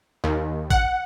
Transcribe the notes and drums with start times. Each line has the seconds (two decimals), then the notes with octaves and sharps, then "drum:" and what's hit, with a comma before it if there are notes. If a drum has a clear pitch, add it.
0.24 D#2
0.70 F#5, drum: kick